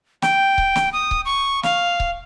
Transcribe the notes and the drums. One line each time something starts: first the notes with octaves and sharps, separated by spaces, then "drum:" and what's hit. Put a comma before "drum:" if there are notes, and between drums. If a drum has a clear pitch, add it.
G5, drum: snare
drum: kick C#1
drum: snare
D#6
drum: kick C#1
C#6
F5, drum: snare
drum: kick C#1